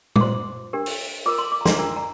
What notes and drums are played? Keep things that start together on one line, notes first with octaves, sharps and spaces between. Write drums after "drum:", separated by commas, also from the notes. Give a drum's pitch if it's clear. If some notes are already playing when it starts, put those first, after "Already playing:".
D6, drum: tom
F4 C5 C6
D4 G4 A#4
drum: open hi-hat
F4 A#4 D6
C6
D6
A#5
C6, drum: snare
D4 F4 A#4 A#5
A#5